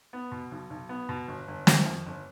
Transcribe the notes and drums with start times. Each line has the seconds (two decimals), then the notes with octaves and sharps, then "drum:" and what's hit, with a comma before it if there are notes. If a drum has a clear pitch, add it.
0.13 B3
0.32 B2
0.52 B1
0.70 B1
0.89 B3
1.09 B2
1.28 G1
1.48 G1
1.67 D#3, drum: snare
1.86 F2
2.06 G1